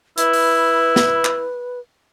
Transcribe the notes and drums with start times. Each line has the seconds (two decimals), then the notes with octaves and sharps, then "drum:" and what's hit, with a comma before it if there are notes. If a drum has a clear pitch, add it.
0.18 E4 B4, drum: hi-hat
0.33 drum: open hi-hat
0.96 drum: snare
1.25 drum: clap